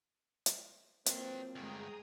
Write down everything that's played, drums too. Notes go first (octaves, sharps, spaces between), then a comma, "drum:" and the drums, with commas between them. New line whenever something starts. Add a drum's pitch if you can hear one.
drum: hi-hat
F3 F#3 A#3 C4 B4 G5, drum: hi-hat
D2 G2 G#3 G#4 G5 A#5 D#6